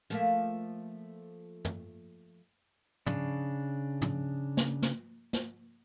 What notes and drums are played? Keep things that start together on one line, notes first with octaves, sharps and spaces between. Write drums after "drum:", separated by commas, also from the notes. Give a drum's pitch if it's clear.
F3 A3 A#3, drum: hi-hat
drum: tom
C#3 D4, drum: tom
drum: tom
drum: snare
drum: snare
drum: snare